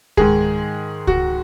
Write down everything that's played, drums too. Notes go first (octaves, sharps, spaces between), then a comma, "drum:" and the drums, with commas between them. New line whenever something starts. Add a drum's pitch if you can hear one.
G#2 D#3 G#3 G#4, drum: kick C#2
F#4, drum: kick C#2